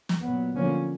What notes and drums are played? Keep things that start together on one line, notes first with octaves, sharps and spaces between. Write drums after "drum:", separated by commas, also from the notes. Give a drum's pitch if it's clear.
drum: snare
A#2 F#3 B3
D3 F3 A#3 C#4